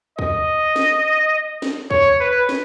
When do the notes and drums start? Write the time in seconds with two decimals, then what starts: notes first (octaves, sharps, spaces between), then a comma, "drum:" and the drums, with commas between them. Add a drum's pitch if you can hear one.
0.19 D#5, drum: kick
0.76 drum: snare
1.62 drum: snare
1.91 C#5, drum: kick
2.20 B4
2.49 drum: snare